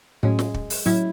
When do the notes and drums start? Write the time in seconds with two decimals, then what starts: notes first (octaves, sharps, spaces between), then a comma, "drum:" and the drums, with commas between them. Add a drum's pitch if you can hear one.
0.23 A2 F#3 G#3 C#4
0.39 drum: snare
0.54 drum: kick
0.70 drum: open hi-hat
0.86 A2 F#3 C#4 E4